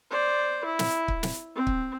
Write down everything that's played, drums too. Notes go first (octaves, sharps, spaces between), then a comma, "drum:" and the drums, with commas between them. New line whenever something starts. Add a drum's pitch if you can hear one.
C5 D5
E4
drum: snare
drum: kick
drum: snare
C4
drum: kick